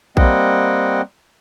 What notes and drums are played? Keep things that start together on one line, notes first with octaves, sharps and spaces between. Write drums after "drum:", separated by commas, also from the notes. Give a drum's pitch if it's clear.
G3 A#3 C4 D#5 F#5 G5, drum: kick A#1